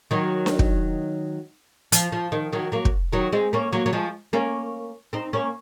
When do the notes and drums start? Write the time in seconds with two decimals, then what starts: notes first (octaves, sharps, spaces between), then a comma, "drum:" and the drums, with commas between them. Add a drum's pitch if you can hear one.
0.11 D#3 F#3
0.46 drum: snare D4
0.59 drum: kick
1.92 F3, drum: hi-hat
2.12 F3
2.32 D#3
2.53 D#3 F#3
2.72 F#3 A#3
2.85 drum: kick
3.12 D#3 F#3
3.32 G#3 C4
3.53 A#3 C#4
3.73 F#3 A#3
3.86 F#3
3.93 F3 G#3
4.33 A#3 C#4
5.13 C4 D#4
5.33 A#3 C#4